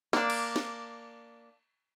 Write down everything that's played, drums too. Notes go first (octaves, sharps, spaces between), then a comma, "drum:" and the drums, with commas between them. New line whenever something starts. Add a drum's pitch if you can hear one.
A#3 D4, drum: snare
drum: cymbal
drum: snare